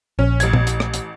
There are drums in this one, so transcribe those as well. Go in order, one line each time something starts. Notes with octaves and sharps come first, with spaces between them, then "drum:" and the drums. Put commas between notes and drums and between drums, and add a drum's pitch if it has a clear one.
A#1 C#4
A1 G#6, drum: hi-hat
drum: tom A#2
drum: hi-hat
drum: rim click
drum: hi-hat